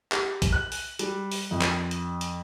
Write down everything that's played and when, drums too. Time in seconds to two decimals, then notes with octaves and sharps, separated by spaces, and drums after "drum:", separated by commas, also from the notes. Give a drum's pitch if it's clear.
0.12 G4, drum: clap
0.42 drum: kick, hi-hat
0.53 F#6
0.72 drum: open hi-hat
0.99 G3, drum: hi-hat
1.32 drum: open hi-hat
1.51 F2
1.61 drum: clap
1.91 drum: hi-hat
2.21 drum: hi-hat